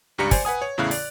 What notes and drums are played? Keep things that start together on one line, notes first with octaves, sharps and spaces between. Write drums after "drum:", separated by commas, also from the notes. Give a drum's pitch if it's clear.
C#2 G2 G3 A#5 C#7
C5 D5 G#5, drum: kick, open hi-hat
B4 F#5 G#5 D#6
C#5
E2 A2 C#3 E4 F5 F#6
D5, drum: open hi-hat